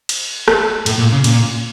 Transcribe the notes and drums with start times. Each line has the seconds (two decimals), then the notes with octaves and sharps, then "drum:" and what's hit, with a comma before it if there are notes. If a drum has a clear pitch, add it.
0.09 drum: cymbal
0.48 drum: rim click
0.86 A2, drum: cymbal
0.99 A#2
1.12 C#3
1.24 A#2, drum: cymbal